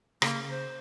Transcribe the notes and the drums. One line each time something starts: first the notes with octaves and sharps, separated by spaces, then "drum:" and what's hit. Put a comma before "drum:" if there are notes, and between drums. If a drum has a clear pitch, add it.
C#3 A#3, drum: rim click
C5